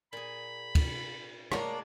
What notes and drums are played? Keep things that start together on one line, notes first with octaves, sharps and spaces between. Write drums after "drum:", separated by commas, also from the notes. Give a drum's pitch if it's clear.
A#2 G#4 B5
drum: kick, cymbal
G#3 A#3 D4 A#4 C#5 D5 G#5, drum: rim click